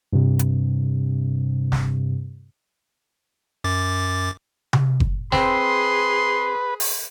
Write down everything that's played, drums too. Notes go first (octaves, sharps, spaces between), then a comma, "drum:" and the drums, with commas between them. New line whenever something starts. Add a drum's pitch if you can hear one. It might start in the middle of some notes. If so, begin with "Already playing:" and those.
G2 C3
drum: hi-hat
drum: snare
F#2 D6 A6
drum: tom C3
drum: kick F#1
C4 G#4 B4 C6, drum: snare
drum: open hi-hat